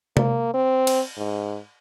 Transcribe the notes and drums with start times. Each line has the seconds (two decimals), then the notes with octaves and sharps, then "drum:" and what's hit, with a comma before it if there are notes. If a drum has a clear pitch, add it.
0.17 A#3, drum: tom C3
0.54 C4
0.87 drum: cymbal
1.17 G#2